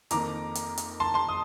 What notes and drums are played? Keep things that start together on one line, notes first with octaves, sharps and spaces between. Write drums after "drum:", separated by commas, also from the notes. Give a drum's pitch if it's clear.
F2 D#3 A#3 A#5 D6, drum: hi-hat
drum: hi-hat
drum: hi-hat
A5 C6
A5 C6
D#6